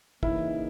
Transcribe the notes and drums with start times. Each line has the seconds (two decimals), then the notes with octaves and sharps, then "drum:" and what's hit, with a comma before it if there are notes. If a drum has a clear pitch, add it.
0.23 C#3 E3 A#3 D#4 E4, drum: kick